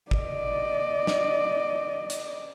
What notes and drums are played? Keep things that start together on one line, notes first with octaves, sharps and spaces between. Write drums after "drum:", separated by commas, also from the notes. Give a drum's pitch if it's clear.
D5 D#5, drum: kick G#1
drum: snare
drum: hi-hat